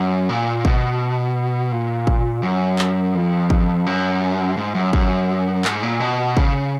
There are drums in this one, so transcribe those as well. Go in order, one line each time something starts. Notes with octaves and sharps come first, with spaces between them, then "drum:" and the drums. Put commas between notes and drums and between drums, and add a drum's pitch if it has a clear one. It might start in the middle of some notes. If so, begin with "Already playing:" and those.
Already playing: F#2
A#2
B2, drum: kick
A#2
drum: kick
F#2
drum: clap
F2
drum: kick
F#2
G#2
F#2
F#2, drum: kick
G#2, drum: clap
A#2
B2
C#3, drum: kick